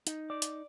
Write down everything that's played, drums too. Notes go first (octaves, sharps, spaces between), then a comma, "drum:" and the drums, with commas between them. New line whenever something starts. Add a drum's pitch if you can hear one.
D#4, drum: hi-hat
D5
drum: hi-hat